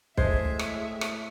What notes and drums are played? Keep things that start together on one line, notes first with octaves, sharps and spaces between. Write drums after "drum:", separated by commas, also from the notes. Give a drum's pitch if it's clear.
A2 G#3 C5 E5, drum: kick
drum: rim click
drum: rim click